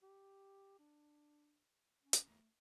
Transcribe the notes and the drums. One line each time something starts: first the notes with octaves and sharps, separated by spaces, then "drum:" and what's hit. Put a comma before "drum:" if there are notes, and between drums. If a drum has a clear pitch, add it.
G4
D4
C#4
drum: hi-hat
A3